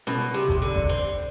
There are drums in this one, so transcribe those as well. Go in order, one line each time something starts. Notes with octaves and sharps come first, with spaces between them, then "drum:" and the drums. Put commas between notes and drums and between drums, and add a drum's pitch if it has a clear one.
B2, drum: snare C#4
C3
drum: kick
D3
drum: kick
C4